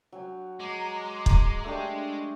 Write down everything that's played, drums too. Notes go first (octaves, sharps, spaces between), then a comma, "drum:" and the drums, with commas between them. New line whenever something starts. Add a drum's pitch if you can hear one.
F#3 G5 G#5
G#3 A#5 D6
drum: kick
A3 D4 G4